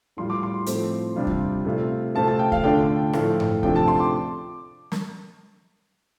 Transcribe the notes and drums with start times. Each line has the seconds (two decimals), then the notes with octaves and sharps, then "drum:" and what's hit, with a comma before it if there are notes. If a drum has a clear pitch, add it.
0.17 A2 G3 F4 C6
0.30 D6
0.43 C6
0.66 A2 F3 A3 C4, drum: hi-hat
1.16 C3 G3 D4 F4
1.27 drum: kick D#2
1.65 C3 A3 F4
2.15 C3 A3 C4 F4 A5
2.28 A5
2.39 G5
2.52 F5, drum: kick D#2
2.64 D3 A3 D4 F4 G5
3.13 A2 F3 A3 F4, drum: rim click
3.40 drum: tom G2
3.63 C3 F3 A3 D4 F4 G5, drum: kick D#2
3.76 A5
3.88 C6
4.00 D6
4.92 drum: snare